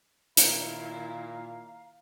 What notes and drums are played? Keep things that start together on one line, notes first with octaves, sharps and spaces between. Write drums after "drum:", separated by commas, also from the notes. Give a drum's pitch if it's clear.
A#2 D#3 E4 F5 A#5, drum: hi-hat